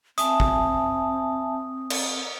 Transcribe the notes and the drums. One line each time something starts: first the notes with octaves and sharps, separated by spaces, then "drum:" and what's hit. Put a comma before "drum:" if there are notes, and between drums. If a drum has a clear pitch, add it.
C4 E5 G#5 A5 D#6, drum: hi-hat
drum: kick
drum: cymbal